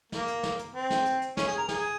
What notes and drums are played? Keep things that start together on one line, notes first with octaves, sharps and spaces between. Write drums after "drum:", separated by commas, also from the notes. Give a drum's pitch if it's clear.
A#3, drum: snare
drum: hi-hat
drum: snare
drum: hi-hat
C4
drum: snare
drum: hi-hat
drum: hi-hat
C#4, drum: snare
G#4
A#4
G#4, drum: snare